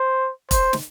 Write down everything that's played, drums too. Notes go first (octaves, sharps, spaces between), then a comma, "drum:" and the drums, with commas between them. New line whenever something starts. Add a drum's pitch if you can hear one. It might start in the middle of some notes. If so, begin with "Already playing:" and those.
Already playing: C5
C5, drum: kick E1, hi-hat
drum: snare